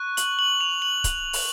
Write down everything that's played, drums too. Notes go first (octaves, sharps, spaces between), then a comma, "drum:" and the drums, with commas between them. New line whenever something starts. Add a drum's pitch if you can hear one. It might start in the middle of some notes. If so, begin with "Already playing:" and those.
Already playing: C#6 F#6
F#7, drum: hi-hat
F#7
F7
F#7
drum: kick C#1, hi-hat
drum: open hi-hat